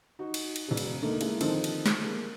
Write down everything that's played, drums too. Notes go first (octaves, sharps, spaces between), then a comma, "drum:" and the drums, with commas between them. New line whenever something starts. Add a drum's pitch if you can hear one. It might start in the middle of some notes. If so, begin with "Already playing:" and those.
D#4 F#4
drum: cymbal
drum: cymbal
E1 C#3
drum: cymbal
D3 A3 A#3 D#4
G#3 A#3 E4, drum: cymbal
D3 D#3 F3 C4 D#4 A4, drum: cymbal
drum: cymbal
drum: snare
G#3 A#3